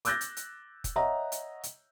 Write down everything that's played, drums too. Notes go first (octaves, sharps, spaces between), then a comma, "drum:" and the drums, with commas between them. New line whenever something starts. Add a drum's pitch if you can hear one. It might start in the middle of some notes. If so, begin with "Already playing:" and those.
D6 E6 F#6 G6 A6 A#6, drum: hi-hat
drum: hi-hat
drum: hi-hat
drum: kick, hi-hat
C#5 D#5 E5 F#5 A#5
drum: hi-hat
drum: hi-hat